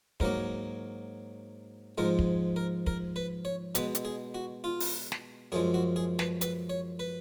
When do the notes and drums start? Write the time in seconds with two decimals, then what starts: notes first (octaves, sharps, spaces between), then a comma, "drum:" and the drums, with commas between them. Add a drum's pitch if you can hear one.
0.20 G#2 F#3 A#3 A#4, drum: kick
1.98 G#2 F3 G#3 A#4
2.19 drum: kick
2.56 A#4
2.87 A#4, drum: kick
3.16 B4
3.45 C#5
3.75 B2 G#3 B4, drum: hi-hat
3.95 drum: hi-hat
4.05 G#4
4.34 F#4
4.64 F4
4.80 drum: open hi-hat
5.12 drum: snare
5.52 F#2 F3 G#3 G#4
5.74 F#4
5.96 G#4
6.19 B4, drum: snare
6.41 B4, drum: hi-hat
6.70 C#5
6.99 B4